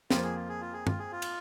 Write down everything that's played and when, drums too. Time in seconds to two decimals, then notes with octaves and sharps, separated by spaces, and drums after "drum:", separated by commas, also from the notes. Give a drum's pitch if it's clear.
0.11 F2 F3 A#3 F4, drum: snare
0.24 G#4
0.36 F4
0.49 G#4
0.61 F4
0.73 G#4
0.87 F4, drum: tom
0.99 G#4
1.12 F4
1.22 drum: cymbal